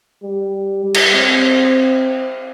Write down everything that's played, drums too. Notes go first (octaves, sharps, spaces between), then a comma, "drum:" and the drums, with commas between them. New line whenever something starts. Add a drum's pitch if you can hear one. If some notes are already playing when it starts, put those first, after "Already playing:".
G3
G3
drum: cymbal
C4